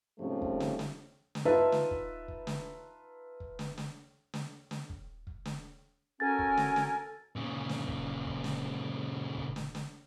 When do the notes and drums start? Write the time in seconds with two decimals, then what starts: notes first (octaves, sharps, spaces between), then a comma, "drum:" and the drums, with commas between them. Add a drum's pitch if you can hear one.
0.19 G#2 C3 F3 G3 A3 C#4
0.42 drum: kick
0.60 drum: snare
0.79 drum: snare
1.35 drum: snare
1.45 D#4 F4 B4 E5 A5
1.72 drum: snare
1.91 drum: kick
2.28 drum: kick
2.47 drum: snare
3.40 drum: kick
3.59 drum: snare
3.78 drum: snare
4.34 drum: snare
4.71 drum: snare
4.89 drum: kick
5.27 drum: kick
5.45 drum: snare
6.20 C#4 F#4 A4 A#4 G#5 A6
6.39 drum: kick
6.57 drum: snare
6.76 drum: snare
7.36 A#2 C#3
7.69 drum: snare
7.88 drum: kick
8.25 drum: kick
8.44 drum: snare
9.37 drum: kick
9.56 drum: snare
9.75 drum: snare